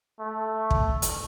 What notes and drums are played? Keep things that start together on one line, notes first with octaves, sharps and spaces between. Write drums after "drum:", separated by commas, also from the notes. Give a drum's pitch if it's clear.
A3
drum: kick
drum: hi-hat